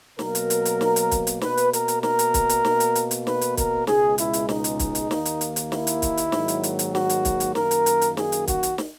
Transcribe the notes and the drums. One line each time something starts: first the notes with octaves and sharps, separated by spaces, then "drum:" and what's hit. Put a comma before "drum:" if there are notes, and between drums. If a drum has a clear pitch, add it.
B2 F#3 A#3 A#4, drum: snare
drum: hi-hat
drum: hi-hat
drum: hi-hat
drum: snare
drum: hi-hat
drum: kick, hi-hat
drum: hi-hat
B2 A#3 B4, drum: snare
drum: hi-hat
A#4, drum: hi-hat
drum: hi-hat
A#4, drum: snare
drum: hi-hat
drum: kick, hi-hat
drum: hi-hat
B2 A#3, drum: snare
drum: hi-hat
drum: hi-hat
drum: hi-hat
B4, drum: snare
drum: hi-hat
A#4, drum: kick, hi-hat
C#2 B2 G#3 G#4, drum: snare
E4, drum: hi-hat
drum: hi-hat
D#4, drum: snare
drum: hi-hat
drum: kick, hi-hat
drum: hi-hat
D#2 D#3 A#3, drum: snare
drum: hi-hat
drum: hi-hat
drum: hi-hat
E4, drum: snare
drum: hi-hat
drum: kick, hi-hat
drum: hi-hat
G#2 D#3 F#3 A#3, drum: snare
drum: hi-hat
drum: hi-hat
drum: hi-hat
F#4, drum: snare
drum: hi-hat
drum: kick, hi-hat
drum: hi-hat
F#2 D#3 A#3 A#4, drum: snare
drum: hi-hat
drum: hi-hat
drum: hi-hat
G#4, drum: snare
drum: hi-hat
F#4, drum: kick, hi-hat
drum: hi-hat
drum: snare